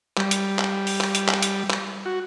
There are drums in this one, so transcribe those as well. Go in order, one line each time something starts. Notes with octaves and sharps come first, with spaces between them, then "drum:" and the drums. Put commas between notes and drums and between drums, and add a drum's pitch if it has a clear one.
G3, drum: clap
drum: hi-hat
drum: clap
drum: open hi-hat
drum: clap
drum: hi-hat
drum: clap
drum: hi-hat
drum: clap
F#4